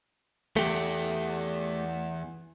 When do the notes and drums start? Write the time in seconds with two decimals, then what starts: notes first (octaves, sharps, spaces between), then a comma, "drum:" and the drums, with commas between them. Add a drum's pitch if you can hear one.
0.56 E2 A3 G4, drum: cymbal